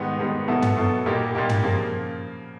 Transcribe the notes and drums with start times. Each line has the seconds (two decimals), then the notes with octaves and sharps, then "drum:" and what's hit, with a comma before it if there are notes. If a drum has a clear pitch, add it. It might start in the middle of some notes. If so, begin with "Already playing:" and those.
Already playing: G#2 D#3 G3 B3 D#4
0.19 G#2 D#3 G3 B3 D#4
0.48 B2 F#3 B3 E4 A4
0.62 drum: tom
0.77 B2 F#3 B3 E4 A4
1.06 A#2 G3 A#3 D#4 G4
1.35 A#2 G3 A#3 D#4 G4
1.49 drum: tom
1.64 C#3 F3 A#3